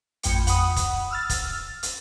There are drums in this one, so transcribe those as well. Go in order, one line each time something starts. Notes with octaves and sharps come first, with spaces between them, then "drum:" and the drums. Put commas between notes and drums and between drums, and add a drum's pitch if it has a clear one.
A1 F2 G5 C#7, drum: hi-hat
F#5 B5 D#6, drum: hi-hat
drum: kick, hi-hat
E6 F6 A6
drum: kick, hi-hat
drum: hi-hat